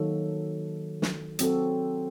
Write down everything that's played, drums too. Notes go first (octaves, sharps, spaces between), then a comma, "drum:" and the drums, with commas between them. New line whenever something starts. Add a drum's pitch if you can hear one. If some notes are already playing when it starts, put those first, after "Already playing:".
Already playing: D#3 F#3 A#3 D#4 A4
drum: snare
F#3 C4 F#4 A4, drum: hi-hat